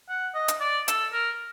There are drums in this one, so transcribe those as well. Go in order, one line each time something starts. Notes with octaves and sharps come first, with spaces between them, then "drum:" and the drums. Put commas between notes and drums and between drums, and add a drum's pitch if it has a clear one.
F#5
D#5
drum: hi-hat
D5
A4, drum: hi-hat
A#4